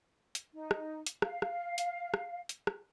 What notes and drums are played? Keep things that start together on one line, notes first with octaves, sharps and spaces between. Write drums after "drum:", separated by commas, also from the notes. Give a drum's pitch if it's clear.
drum: hi-hat
D#4
drum: rim click
drum: hi-hat
F5, drum: rim click
drum: rim click
drum: hi-hat
drum: rim click
drum: hi-hat
drum: rim click